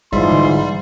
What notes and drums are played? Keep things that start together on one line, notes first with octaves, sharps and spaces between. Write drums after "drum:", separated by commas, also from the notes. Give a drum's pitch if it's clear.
G#2 E3 G3 F4 E5 C6, drum: kick
drum: tom D3